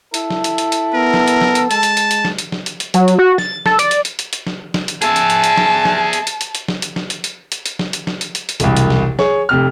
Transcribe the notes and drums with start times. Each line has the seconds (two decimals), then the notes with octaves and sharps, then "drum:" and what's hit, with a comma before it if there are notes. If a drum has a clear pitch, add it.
0.14 E4 A4, drum: hi-hat
0.30 drum: snare
0.44 drum: hi-hat
0.58 drum: hi-hat
0.72 drum: hi-hat
0.94 B3 A#4
1.14 drum: snare
1.28 drum: hi-hat
1.41 drum: snare
1.55 drum: hi-hat
1.71 G#3 A5, drum: hi-hat
1.83 drum: hi-hat
1.97 drum: hi-hat
2.11 drum: hi-hat
2.25 drum: snare
2.38 drum: hi-hat
2.52 drum: snare
2.66 drum: hi-hat
2.80 drum: hi-hat
2.94 F#3, drum: hi-hat
3.08 drum: hi-hat
3.19 F#4
3.38 A6, drum: snare
3.66 A4, drum: snare
3.79 D5, drum: hi-hat
3.91 drum: hi-hat
4.05 drum: hi-hat
4.19 drum: hi-hat
4.33 drum: hi-hat
4.47 drum: snare
4.74 drum: snare
4.88 drum: hi-hat
5.02 G#4 E5 A5, drum: hi-hat
5.16 drum: hi-hat
5.30 drum: hi-hat
5.44 drum: hi-hat
5.57 drum: snare
5.85 drum: snare
6.13 drum: hi-hat
6.27 drum: hi-hat
6.41 drum: hi-hat
6.55 drum: hi-hat
6.68 drum: snare
6.82 drum: hi-hat
6.96 drum: snare
7.10 drum: hi-hat
7.24 drum: hi-hat
7.52 drum: hi-hat
7.66 drum: hi-hat
7.79 drum: snare
7.93 drum: hi-hat
8.07 drum: snare
8.21 drum: hi-hat
8.35 drum: hi-hat
8.49 drum: hi-hat
8.60 E1 C2, drum: hi-hat
8.76 drum: hi-hat
8.90 drum: snare
9.19 G#4 C#5, drum: snare
9.49 F1 C3 F6